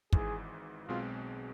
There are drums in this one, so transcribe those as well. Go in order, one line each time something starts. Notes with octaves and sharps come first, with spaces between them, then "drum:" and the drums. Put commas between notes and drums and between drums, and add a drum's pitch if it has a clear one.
G#1 G#2 E3 G#4, drum: kick
B1 B2 G#3 C4 F4